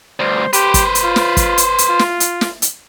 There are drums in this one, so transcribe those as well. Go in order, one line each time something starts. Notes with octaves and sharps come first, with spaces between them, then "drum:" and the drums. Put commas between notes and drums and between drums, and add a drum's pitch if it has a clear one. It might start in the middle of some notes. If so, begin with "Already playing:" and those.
D2 G2 C5
G4 B4 C5, drum: hi-hat
drum: kick, hi-hat
drum: hi-hat
F4
drum: snare
drum: kick, hi-hat
drum: hi-hat
drum: hi-hat
F4
drum: snare
drum: hi-hat
drum: snare
drum: hi-hat